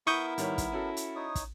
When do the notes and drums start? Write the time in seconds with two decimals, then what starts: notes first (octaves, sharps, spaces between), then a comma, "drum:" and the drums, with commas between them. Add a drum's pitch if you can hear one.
0.07 B3 E4 A#4 C#6 D#6 G6
0.38 D#3 G3 C#5, drum: hi-hat
0.58 drum: kick, hi-hat
0.72 C#4 F#4 A4
0.97 drum: hi-hat
1.16 D#4 C#5 D#6
1.35 drum: kick, hi-hat